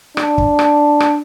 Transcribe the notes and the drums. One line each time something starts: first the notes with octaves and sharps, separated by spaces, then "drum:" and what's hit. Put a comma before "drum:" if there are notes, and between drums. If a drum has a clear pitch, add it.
D4, drum: rim click
drum: kick
drum: rim click
drum: rim click